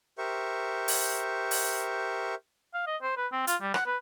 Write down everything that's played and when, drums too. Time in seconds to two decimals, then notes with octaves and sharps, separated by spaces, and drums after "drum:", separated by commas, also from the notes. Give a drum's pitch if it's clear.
0.18 G4 A#4 C5 E5 C#6
0.88 drum: open hi-hat
1.51 drum: open hi-hat
2.74 F5
2.87 D#5
3.02 C5
3.17 B4
3.32 C4
3.47 F4, drum: hi-hat
3.61 G3
3.74 F#5, drum: rim click
3.86 B4